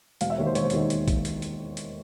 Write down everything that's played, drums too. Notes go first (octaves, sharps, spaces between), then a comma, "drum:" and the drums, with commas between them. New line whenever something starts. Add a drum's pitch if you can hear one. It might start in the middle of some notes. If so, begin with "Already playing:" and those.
E1 F5, drum: hi-hat
E5
D#2 D#3 C#5
C5
E1 C#5, drum: hi-hat
C5
D#2 D#3 C#5, drum: hi-hat
drum: hi-hat
drum: kick A#1, hi-hat
drum: hi-hat
drum: hi-hat
drum: hi-hat